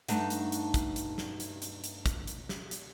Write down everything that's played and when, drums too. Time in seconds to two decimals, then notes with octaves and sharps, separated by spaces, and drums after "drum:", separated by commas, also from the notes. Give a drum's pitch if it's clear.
0.08 G2 A3 D4 D#4 F#5, drum: hi-hat
0.30 drum: hi-hat
0.52 drum: hi-hat
0.74 drum: kick, hi-hat
0.96 drum: hi-hat
1.18 drum: snare
1.40 drum: hi-hat
1.62 drum: hi-hat
1.84 drum: hi-hat
2.06 drum: kick, hi-hat
2.27 drum: hi-hat
2.49 drum: snare
2.71 drum: hi-hat